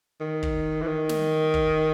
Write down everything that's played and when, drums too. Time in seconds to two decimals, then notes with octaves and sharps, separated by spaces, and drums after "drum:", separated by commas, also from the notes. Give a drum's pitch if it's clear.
0.20 D#3
0.43 drum: kick
0.82 E3
0.87 D#3
1.09 drum: snare
1.54 drum: kick